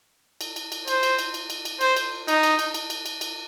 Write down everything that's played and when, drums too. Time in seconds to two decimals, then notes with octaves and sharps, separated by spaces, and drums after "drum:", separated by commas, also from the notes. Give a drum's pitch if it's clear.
0.41 drum: cymbal
0.56 drum: cymbal
0.72 drum: cymbal
0.88 C5, drum: cymbal
1.03 drum: cymbal
1.19 drum: cymbal
1.34 drum: cymbal
1.50 drum: cymbal
1.65 drum: cymbal
1.81 C5, drum: cymbal
1.96 drum: cymbal
2.28 D#4, drum: cymbal
2.43 drum: cymbal
2.59 drum: cymbal
2.74 drum: cymbal
2.90 drum: cymbal
3.06 drum: cymbal
3.21 drum: cymbal